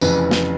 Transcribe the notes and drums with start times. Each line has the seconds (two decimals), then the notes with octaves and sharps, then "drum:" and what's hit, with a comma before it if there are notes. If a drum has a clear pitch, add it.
0.01 F1 F2 C#3 E3 B4, drum: tambourine
0.31 drum: snare